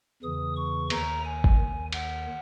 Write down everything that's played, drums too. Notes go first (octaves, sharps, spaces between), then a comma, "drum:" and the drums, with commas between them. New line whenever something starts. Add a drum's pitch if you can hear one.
E2 C#3 E3 D#6
C#6
D#2 D#3 A#5, drum: cymbal
G#5
drum: kick G#1
D#2 D#3
F#5, drum: cymbal